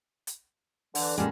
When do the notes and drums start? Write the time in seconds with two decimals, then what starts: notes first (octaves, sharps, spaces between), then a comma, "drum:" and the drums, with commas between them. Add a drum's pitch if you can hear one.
0.27 drum: hi-hat
0.95 D3 E3, drum: open hi-hat
1.18 A#2 D3 G3 G#3 C#4